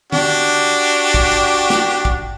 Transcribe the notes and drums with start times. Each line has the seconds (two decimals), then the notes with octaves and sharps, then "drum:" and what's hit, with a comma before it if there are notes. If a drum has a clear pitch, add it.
0.12 D4 F#4 G4, drum: tom D3
1.14 drum: kick
1.70 drum: snare
2.05 drum: kick